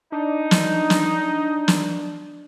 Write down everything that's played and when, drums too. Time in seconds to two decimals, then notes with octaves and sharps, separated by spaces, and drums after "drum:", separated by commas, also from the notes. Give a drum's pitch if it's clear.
0.12 D4 D#4
0.51 drum: snare
0.90 drum: snare
1.68 drum: snare